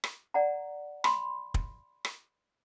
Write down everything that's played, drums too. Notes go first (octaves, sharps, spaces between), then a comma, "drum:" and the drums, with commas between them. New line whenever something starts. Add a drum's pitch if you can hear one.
drum: rim click
D5 F#5 A#5
B5 C6, drum: rim click
drum: kick
drum: rim click